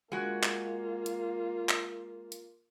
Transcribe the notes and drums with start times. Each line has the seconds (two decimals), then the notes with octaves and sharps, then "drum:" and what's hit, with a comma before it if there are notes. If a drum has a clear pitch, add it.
0.12 G#3 A#3 F4 F#4
0.43 drum: clap
1.06 drum: hi-hat
1.69 drum: clap
2.32 drum: hi-hat